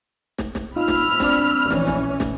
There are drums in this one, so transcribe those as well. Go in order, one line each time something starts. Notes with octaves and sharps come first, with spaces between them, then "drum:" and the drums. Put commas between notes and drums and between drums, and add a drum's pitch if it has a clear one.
drum: snare
drum: snare
D#4 F4 B5 E6 F6
drum: snare
C4 D4 D5, drum: snare
A#1 E3 C#4, drum: snare
drum: snare
drum: snare